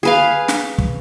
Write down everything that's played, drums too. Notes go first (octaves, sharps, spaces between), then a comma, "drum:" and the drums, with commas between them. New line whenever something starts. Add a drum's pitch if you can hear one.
G#4 B4 F5
drum: snare
drum: kick